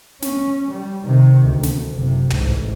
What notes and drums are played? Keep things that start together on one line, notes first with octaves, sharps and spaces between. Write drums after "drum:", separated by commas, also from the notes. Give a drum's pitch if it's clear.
C#4, drum: snare
G3
C3 D#3
D2
drum: snare
F#1 C3
A1 G#2, drum: tom